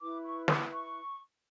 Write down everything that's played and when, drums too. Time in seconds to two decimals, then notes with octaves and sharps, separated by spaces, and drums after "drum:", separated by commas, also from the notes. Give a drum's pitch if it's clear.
0.01 E4 B4 D6
0.25 C#6
0.48 D6, drum: snare
0.71 C#6